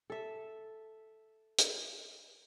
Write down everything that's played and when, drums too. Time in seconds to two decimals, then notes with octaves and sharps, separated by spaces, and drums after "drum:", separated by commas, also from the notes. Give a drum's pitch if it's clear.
0.10 A4 E5
1.59 drum: hi-hat